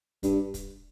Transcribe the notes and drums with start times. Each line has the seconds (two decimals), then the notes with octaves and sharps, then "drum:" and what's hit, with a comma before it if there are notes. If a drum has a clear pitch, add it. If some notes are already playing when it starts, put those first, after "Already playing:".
0.23 G2, drum: kick, hi-hat
0.54 drum: kick, hi-hat